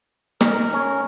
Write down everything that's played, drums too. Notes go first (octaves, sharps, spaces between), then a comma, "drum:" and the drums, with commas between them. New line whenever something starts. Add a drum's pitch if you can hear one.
D#4 A#4, drum: snare
C#4